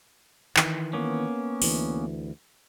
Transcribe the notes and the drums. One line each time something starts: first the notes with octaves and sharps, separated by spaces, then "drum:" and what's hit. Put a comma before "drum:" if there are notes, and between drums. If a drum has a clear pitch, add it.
D#3 E3, drum: clap
A#3 B3 C#4
D2 E3, drum: open hi-hat